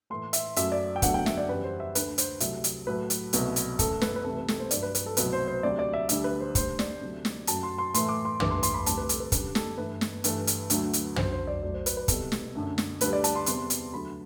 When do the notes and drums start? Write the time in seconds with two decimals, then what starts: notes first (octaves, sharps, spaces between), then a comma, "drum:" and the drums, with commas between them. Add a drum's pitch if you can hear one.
0.10 A2 E3 A3 C6
0.33 E5, drum: hi-hat
0.56 F#2 F#3 A3 E5, drum: hi-hat
0.72 D5
0.96 G5
1.02 E2 D3 F#3 A3 F#5, drum: kick, hi-hat
1.14 G5
1.26 E5, drum: snare
1.37 D5
1.48 F#2 E3 G3 B4
1.64 C5
1.80 E5
1.95 D2 D3 A3 B4, drum: hi-hat
2.18 C5, drum: hi-hat
2.40 C2 C3 F#3 A3 E5, drum: hi-hat
2.64 drum: hi-hat
2.87 A2 F#3 A3 B4
3.10 drum: hi-hat
3.33 C2 B2 F#3 A3, drum: hi-hat
3.56 drum: hi-hat
3.79 F#2 E3 A3 A4, drum: kick, hi-hat
4.01 B4, drum: snare
4.16 B4
4.25 C2 C3 E3 A3 A4
4.37 B4
4.48 A4, drum: snare
4.60 C5
4.71 G2 F#3 A3 D5, drum: hi-hat
4.83 B4
4.95 B4, drum: hi-hat
5.06 A4
5.17 C2 B2 F#3 A3 B4, drum: hi-hat
5.33 C5
5.48 C5
5.63 D2 C3 F#3 D5
5.79 D5
5.94 E5
6.09 D2 D3 G3 E5, drum: hi-hat
6.24 B4
6.40 C5
6.55 D2 D3 G3 C5, drum: kick, hi-hat
6.79 D5, drum: snare
7.01 D2 C3 F#3 A3
7.25 drum: snare
7.47 F#2 F#3 A3 A5, drum: hi-hat
7.63 C6
7.78 C6
7.94 A2 E3 A3 C6, drum: hi-hat
8.09 D6
8.25 C6
8.40 G2 E3 A3 D6, drum: tom
8.51 C6
8.63 C6, drum: hi-hat
8.74 B5
8.86 D2 C3 G3 A5, drum: hi-hat
8.97 B4
9.09 A4, drum: hi-hat
9.20 B4
9.32 F#2 D3 G3 B4, drum: kick, hi-hat
9.55 A4, drum: snare
9.78 G2 E3 A3 B4
10.01 drum: snare
10.24 G2 E3 A3, drum: hi-hat
10.47 drum: hi-hat
10.70 D2 D3 F#3 A3, drum: hi-hat
10.93 drum: hi-hat
11.16 F#2 D3 F#3 C5, drum: tom
11.32 C5
11.47 D5
11.62 A2 F#3 A3 D5
11.74 C5
11.86 B4, drum: hi-hat
11.97 B4
12.08 C2 B2 G3 A4, drum: kick, hi-hat
12.32 drum: snare
12.55 F#2 D3 A3
12.78 drum: snare
13.01 D2 D3 G3 B4, drum: hi-hat
13.13 D5
13.24 A5, drum: hi-hat
13.35 C6
13.46 E2 C3 G3 C6, drum: hi-hat
13.70 drum: hi-hat
13.93 D2 D3 F#3 A3 B5